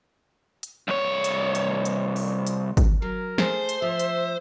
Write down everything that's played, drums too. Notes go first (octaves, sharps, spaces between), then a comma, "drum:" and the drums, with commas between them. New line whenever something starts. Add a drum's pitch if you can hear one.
drum: hi-hat
C2 C#5
drum: hi-hat
drum: hi-hat
drum: hi-hat
drum: open hi-hat
drum: hi-hat
drum: kick, hi-hat
F#3 A#4
A3 G#4 C5, drum: snare
drum: hi-hat
F3 E5
drum: hi-hat